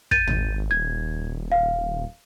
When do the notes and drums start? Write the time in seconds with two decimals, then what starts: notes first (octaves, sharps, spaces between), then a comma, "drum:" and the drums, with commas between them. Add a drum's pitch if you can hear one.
0.11 G6 A6 D#7, drum: kick
0.27 G#1, drum: tom
0.71 D#1 G#6
1.52 F5